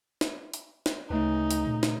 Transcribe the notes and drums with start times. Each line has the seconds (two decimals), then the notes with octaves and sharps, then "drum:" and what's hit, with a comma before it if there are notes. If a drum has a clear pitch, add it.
0.21 drum: snare
0.54 drum: hi-hat
0.86 drum: snare
1.10 D2 C#3 A3 D#4 B4
1.51 drum: hi-hat
1.67 A#2
1.83 drum: snare